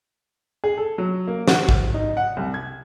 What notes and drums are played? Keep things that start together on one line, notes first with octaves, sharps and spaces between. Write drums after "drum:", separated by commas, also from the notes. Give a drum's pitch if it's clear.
G#4
A4
F#3
A#3
F#5, drum: snare
drum: kick
D#4
F#5
C2
G#6